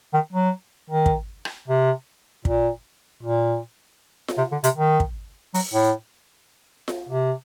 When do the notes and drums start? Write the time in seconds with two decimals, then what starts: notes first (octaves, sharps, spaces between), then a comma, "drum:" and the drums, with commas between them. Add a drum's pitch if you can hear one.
0.14 D#3
0.33 F#3
0.90 D#3
1.06 drum: kick
1.45 drum: rim click
1.68 C3
2.45 A#2, drum: kick
3.23 A#2
4.28 drum: snare F4
4.38 C3
4.52 D3
4.64 C3, drum: hi-hat
4.77 D#3
5.00 drum: kick
5.54 F#3, drum: open hi-hat
5.74 A2
6.88 drum: snare F4
7.09 C3